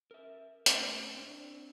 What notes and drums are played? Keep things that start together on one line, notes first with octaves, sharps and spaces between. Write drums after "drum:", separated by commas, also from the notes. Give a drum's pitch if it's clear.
A#4 E5
A#2 A3 C4 C#4, drum: hi-hat
C4 D4